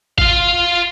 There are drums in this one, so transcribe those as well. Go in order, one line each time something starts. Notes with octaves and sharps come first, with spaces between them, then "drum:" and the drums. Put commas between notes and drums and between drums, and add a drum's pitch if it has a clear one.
F4 F5, drum: kick G1